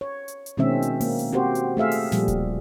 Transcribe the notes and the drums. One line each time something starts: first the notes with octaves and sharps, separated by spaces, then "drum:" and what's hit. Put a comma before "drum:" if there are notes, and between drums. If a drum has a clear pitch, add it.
C#5
drum: hi-hat
drum: hi-hat
B2 D#3 G#3 C4 C#4 E5
drum: hi-hat
A#3, drum: open hi-hat
drum: hi-hat
C4 F#4 G4 C5
drum: hi-hat
A3 G#4 E5 F5
drum: open hi-hat
A#2 F3 G3, drum: snare
drum: kick D1, hi-hat